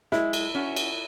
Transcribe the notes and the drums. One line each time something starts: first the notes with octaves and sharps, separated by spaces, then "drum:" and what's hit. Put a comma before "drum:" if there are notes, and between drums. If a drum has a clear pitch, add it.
G#3 E4, drum: snare
drum: cymbal
C#4 F#4
drum: cymbal